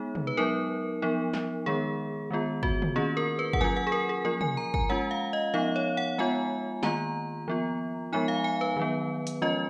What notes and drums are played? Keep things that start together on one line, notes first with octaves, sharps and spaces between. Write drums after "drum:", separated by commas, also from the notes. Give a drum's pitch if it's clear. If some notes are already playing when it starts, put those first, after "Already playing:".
Already playing: G#3 B3 D#4 G#4
drum: tom
B4
F#3 B3 D#4 A#4
F3 B3 D#4
drum: snare
D#3 G#3 B3 G#4
D#3 G#3 B3 F4
F#4, drum: kick
drum: tom
D#3 A#3 C#4 F4 G#4
A#4
B4
F#5, drum: kick
F#3 C#4 F4 G#5
F#5
G#4
A#4
G#4
F3 A#3 F4 A#4
G#5, drum: tom
A#5
G#5, drum: kick
G#3 C#4 F4 F#5
F5
D#5
F3 B3 D#4 F5
C#5
F#5
G#3 B3 F4 G#5
D#3 A#3 F4 A#5, drum: snare
F3 B3 F4
F3 G#3 B3 D#4 G#5
F5
G#5
B4
D#3 F#3 B3
drum: hi-hat
F3 G#3 C#4 F4 D#5